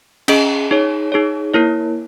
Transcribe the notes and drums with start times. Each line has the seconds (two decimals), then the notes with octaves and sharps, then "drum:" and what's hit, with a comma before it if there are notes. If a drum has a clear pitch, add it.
0.28 C#4 G#4 D#5, drum: cymbal
0.71 D#4 G#4 C#5
1.12 D#4 G#4 C#5
1.54 A#3 E4 A#4 C#5